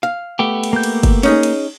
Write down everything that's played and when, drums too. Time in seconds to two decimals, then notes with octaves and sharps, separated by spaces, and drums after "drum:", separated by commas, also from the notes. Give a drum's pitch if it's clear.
0.03 F5
0.39 A3 B3 G4
0.63 drum: cymbal
0.73 A#3 G6
0.83 drum: cymbal
1.03 drum: kick F#1, cymbal
1.23 C#4 D#4 G#4, drum: cymbal
1.43 drum: cymbal